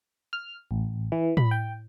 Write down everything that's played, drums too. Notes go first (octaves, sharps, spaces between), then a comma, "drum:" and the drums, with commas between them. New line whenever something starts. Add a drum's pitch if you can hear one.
F6
A1
E3
B5, drum: tom A2
G5